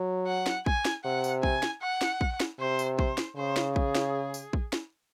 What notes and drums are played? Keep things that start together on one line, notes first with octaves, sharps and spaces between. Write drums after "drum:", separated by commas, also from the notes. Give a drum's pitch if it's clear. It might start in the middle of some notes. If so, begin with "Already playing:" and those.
Already playing: F#3
F#5
drum: snare
G#5, drum: kick
drum: snare
C3 F#5
drum: tambourine
G#5, drum: kick
drum: snare
F#5
drum: snare
drum: kick
drum: snare
C3 C5
drum: tambourine
C5, drum: kick
drum: snare
C#3 C5
drum: snare
G#4, drum: kick
drum: snare
drum: tambourine
drum: kick
drum: snare